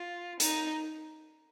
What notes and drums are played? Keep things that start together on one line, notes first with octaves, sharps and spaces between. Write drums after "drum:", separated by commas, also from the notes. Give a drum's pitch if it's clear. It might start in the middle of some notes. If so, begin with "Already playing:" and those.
Already playing: F4
D#4, drum: hi-hat